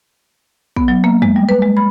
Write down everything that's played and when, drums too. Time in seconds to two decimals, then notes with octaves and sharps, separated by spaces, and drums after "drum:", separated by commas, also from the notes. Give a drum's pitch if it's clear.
0.77 B3, drum: kick
0.88 F#3
1.04 A#3
1.22 G#3, drum: tom F2
1.36 G3
1.49 B4
1.62 G#3
1.77 B5